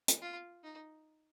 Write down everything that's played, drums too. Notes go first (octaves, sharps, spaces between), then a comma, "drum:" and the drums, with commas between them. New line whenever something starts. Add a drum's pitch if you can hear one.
drum: hi-hat
F4
D#4